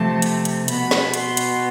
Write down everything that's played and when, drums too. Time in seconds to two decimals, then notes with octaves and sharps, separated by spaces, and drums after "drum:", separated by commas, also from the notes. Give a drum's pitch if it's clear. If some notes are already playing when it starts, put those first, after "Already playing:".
Already playing: C3 F3 A3 A5
0.22 drum: hi-hat
0.45 drum: hi-hat
0.68 B2 B3 B5, drum: hi-hat
0.91 drum: snare
1.14 C6, drum: hi-hat
1.37 drum: hi-hat